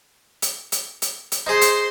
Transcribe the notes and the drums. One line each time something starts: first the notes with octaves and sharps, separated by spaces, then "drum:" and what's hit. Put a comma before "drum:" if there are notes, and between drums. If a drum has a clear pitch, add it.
drum: hi-hat
drum: hi-hat
drum: hi-hat
drum: hi-hat
D#4 G#4 C5 C6
drum: hi-hat